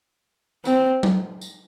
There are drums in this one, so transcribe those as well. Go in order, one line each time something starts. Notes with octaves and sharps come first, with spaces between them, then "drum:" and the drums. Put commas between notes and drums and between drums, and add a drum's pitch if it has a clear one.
C4, drum: tambourine
drum: tom F#3
drum: tambourine